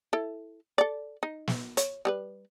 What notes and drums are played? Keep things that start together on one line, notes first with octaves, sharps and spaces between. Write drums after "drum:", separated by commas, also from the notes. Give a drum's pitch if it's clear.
E4 A4
A4 D5
D#4
drum: snare
C#5, drum: hi-hat
G3 G4 B4